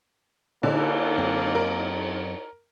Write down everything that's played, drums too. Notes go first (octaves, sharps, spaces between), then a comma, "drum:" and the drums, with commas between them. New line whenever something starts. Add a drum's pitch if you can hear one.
D3 A#3, drum: cymbal
F#2 C4
A#4